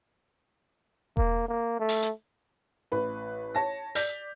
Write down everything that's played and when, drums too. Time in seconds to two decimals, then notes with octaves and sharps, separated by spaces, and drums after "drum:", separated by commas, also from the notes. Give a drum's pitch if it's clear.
1.17 A#3, drum: kick E1
1.48 A#3
1.79 A3
1.89 drum: open hi-hat
2.03 drum: hi-hat
2.92 A1 B4 B5
3.55 C#5 A5 A#6
3.95 D5 G6 B6 F7, drum: open hi-hat